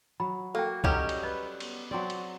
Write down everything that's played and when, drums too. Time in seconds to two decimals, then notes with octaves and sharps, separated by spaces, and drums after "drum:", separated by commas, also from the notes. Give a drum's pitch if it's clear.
0.20 F#3 B5
0.55 A#3 F#4 A4 G5
0.84 F#3 G3 C#4 G4 A#4 D#5, drum: kick C2
1.09 drum: cymbal
1.23 B4 D#5
1.60 B3, drum: cymbal
1.91 F#3 C4 D5
2.10 drum: cymbal